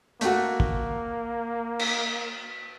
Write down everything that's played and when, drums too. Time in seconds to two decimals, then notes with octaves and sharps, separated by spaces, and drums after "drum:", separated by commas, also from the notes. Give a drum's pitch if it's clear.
0.21 A3 A#3 F#4, drum: hi-hat
0.60 drum: kick
1.79 drum: cymbal